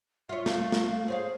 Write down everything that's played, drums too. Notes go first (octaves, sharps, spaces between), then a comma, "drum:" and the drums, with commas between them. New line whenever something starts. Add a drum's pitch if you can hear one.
F4 C#5 E5
A3 F5, drum: snare
drum: snare
G#4 C5 C#5 F5